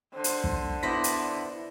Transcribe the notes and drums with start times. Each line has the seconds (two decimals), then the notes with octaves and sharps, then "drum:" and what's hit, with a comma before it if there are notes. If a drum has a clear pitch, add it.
0.14 D3 C5
0.24 drum: hi-hat
0.44 drum: kick
0.83 B3 D4 E4 C5 C6 A#6 B6
1.04 drum: hi-hat